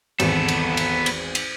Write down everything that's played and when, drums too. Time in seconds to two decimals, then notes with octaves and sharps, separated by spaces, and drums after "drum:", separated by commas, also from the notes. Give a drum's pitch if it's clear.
0.20 G#1 E2 B3 A4, drum: cymbal
0.48 drum: cymbal
0.77 drum: cymbal
1.06 drum: cymbal
1.35 drum: cymbal